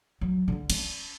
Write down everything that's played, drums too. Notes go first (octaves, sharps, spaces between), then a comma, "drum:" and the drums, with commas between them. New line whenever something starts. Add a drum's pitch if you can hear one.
F#3
D3 C#4
C#4, drum: cymbal